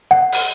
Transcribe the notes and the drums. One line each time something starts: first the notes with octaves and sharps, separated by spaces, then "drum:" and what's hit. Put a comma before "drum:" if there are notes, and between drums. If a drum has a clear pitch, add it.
F#5
drum: open hi-hat